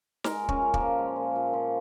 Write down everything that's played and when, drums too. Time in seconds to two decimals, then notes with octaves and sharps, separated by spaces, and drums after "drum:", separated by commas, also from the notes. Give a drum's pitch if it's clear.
0.24 G#3 A#4, drum: snare
0.43 A#2
0.49 C#4, drum: kick
0.62 A#2
0.74 A#3, drum: kick
0.80 F3
0.99 G#3
1.16 A#2
1.36 A#2
1.54 F3